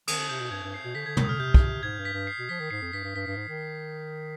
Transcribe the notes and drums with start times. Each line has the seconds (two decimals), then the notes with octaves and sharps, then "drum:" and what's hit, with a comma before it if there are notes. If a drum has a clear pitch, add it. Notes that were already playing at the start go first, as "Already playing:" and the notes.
0.08 D#3 D#6, drum: cymbal
0.19 D3
0.29 C3 G6
0.40 B2
0.51 G2 G#6
0.63 G2
0.74 C7
0.85 B2
0.95 D3 B6
1.06 D3 G#6
1.17 D#3 G6, drum: tom
1.24 D#6
1.29 D3 F6
1.39 C3 G6
1.54 drum: kick
1.83 G#2 G#6
1.98 G2
2.05 B6
2.13 G2
2.27 C7
2.39 B2
2.49 F3 B6
2.60 D#3
2.71 G#2 C7
2.82 F2
2.93 G2 B6
3.03 G2
3.15 G2 B6
3.27 G2
3.36 G#2
3.48 D#3